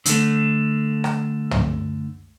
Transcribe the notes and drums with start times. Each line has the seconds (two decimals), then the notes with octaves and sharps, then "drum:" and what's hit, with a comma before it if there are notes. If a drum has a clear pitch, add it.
0.06 D3 A3, drum: hi-hat
1.04 drum: rim click
1.51 drum: tom